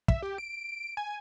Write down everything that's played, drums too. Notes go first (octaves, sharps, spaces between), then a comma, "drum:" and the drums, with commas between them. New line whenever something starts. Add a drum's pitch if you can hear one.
E5, drum: kick
G4
D7
G#5